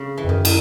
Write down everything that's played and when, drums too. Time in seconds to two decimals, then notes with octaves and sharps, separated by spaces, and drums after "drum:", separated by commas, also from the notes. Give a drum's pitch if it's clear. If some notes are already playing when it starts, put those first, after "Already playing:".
Already playing: C#3
0.17 E3
0.25 F2
0.29 F#2 D#3
0.45 D#3, drum: cymbal